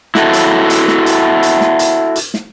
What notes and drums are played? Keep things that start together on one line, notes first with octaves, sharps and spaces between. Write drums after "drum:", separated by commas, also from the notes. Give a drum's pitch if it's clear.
E4 F#4 A4, drum: snare
drum: hi-hat
drum: hi-hat
drum: snare
drum: hi-hat
drum: hi-hat
drum: snare
drum: hi-hat
drum: hi-hat
drum: snare